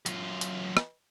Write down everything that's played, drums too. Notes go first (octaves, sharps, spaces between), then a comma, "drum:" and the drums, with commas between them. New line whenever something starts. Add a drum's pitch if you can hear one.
F#2 F4, drum: hi-hat
drum: hi-hat
drum: rim click